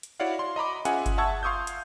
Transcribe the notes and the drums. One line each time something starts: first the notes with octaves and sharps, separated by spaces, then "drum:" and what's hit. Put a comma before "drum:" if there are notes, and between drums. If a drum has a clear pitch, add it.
drum: hi-hat
E4 F#4 C#5 D5 F5 F#5
C6
D#5 A#5 B5 D6
C#4 F4 G#4 E5 F#5 G#5, drum: hi-hat
drum: kick G1, hi-hat
E5 F#5 A5 C#6 E6 G#6
F5 C6 C#6 D#6 E6 G6
drum: hi-hat